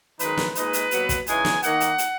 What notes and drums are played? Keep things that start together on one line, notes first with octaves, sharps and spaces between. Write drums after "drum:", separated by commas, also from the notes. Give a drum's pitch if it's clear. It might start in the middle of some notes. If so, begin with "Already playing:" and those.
F#2 D#3 G#3 D#4 B4, drum: hi-hat
drum: snare
A#2 G#3 D#4 B4, drum: hi-hat
drum: hi-hat
A#2 F#3 B3, drum: hi-hat
drum: kick, hi-hat
C#3 E3 G#3 D#4 G#5, drum: hi-hat
drum: snare
D#3 A#3 D#4 F#5, drum: hi-hat
drum: hi-hat
drum: hi-hat